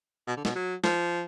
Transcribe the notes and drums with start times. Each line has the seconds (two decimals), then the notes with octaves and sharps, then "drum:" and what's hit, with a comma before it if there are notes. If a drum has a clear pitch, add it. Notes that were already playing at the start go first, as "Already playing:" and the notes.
0.27 B2
0.37 D3
0.45 B2, drum: snare
0.55 F#3
0.84 F3, drum: snare